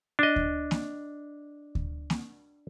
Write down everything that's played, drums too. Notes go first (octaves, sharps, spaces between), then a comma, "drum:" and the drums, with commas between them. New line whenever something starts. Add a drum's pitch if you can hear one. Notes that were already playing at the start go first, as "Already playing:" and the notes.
D4 D#5
drum: kick D2
drum: snare A#3
drum: kick D2
drum: snare A#3